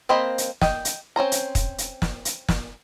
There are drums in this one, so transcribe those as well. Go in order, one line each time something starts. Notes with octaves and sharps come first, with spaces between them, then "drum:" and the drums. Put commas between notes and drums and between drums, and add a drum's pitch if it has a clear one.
A#3 C4 C5 D#5 B5
drum: hi-hat
D#5 G5, drum: snare
drum: hi-hat
C4 C#4 C5 A#5
drum: hi-hat
drum: kick, hi-hat
drum: hi-hat
drum: snare
drum: hi-hat
drum: snare